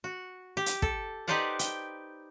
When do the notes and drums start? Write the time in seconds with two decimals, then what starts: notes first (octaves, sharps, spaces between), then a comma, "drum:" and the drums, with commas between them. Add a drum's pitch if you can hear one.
0.04 F#4
0.57 G4
0.66 drum: hi-hat
0.82 A4, drum: kick
1.27 D#4 G4 B4 C5 D5 F#5
1.59 G5, drum: hi-hat